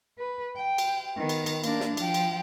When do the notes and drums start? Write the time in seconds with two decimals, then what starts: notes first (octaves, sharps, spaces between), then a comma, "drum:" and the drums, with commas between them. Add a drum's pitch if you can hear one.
0.19 B4
0.57 G5
0.78 drum: cymbal
1.17 D#3 B3
1.29 drum: cymbal
1.46 drum: cymbal
1.64 A#3 D4, drum: cymbal
1.80 drum: snare
1.97 F3 G5, drum: cymbal
2.14 drum: cymbal